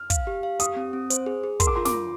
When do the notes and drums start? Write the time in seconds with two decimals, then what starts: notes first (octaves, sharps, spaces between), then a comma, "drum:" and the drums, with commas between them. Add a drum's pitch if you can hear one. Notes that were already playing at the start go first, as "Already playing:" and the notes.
Already playing: F6
0.10 F5, drum: kick, hi-hat
0.27 G4
0.43 F5
0.60 G4 D#6, drum: hi-hat
0.76 C4
0.93 C4
1.10 C5, drum: hi-hat
1.26 G#4
1.44 G#4
1.60 A#4 C6, drum: kick, hi-hat
1.67 D6
1.76 F4 C6
1.85 D6, drum: snare
1.93 F4